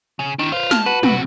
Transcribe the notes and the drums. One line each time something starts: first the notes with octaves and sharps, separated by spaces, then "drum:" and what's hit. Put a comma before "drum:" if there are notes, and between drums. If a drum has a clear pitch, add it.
C#3
D#3 D4 E4
F4 B4 C5
A5 F6, drum: snare
F#4 B4
B1 C3 F#4, drum: tom